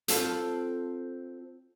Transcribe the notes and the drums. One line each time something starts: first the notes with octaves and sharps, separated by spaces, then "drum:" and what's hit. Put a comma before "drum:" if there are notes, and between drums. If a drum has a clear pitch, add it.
C4 F4 A4, drum: hi-hat